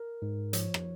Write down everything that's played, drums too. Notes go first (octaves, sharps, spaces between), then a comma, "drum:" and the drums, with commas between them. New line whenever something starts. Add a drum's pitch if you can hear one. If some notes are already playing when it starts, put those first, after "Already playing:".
Already playing: A#4
G#2
F3 C#5, drum: hi-hat
drum: rim click